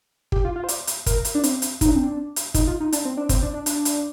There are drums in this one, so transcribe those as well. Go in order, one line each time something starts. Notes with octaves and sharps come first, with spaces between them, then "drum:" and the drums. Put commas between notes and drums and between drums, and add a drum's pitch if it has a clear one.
G4, drum: kick
F4
F4
C5
D5, drum: hi-hat
drum: hi-hat
A#4, drum: kick, hi-hat
drum: hi-hat
D4
C4, drum: hi-hat
drum: hi-hat
D#4, drum: kick, hi-hat
D4
C4
D4
drum: hi-hat
D#4, drum: kick, hi-hat
F4
D#4
D4, drum: hi-hat
C4
D4
C4, drum: kick, hi-hat
D4
D4
D4, drum: hi-hat
drum: hi-hat